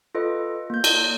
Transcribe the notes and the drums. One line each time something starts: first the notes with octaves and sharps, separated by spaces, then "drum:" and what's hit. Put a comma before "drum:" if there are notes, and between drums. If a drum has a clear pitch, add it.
F4 A4 B4 D#5
A#3 G6
drum: cymbal